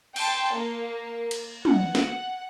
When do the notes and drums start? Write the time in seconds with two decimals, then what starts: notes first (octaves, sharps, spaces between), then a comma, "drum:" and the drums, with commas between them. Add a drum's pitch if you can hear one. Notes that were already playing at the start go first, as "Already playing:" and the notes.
0.16 G5 A5 C6, drum: cymbal
0.54 A#3
1.31 drum: cymbal
1.65 F#5, drum: tom
1.95 drum: snare